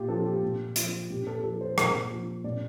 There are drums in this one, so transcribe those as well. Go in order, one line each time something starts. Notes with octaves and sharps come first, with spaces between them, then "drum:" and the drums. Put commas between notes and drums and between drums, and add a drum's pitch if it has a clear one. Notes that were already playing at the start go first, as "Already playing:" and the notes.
Already playing: A#2 F4 G4
F3 A4
G4
A#2
F3, drum: hi-hat
A#2 G4
A4
F3 A4
C5
A#2, drum: rim click
F3
A#2 D5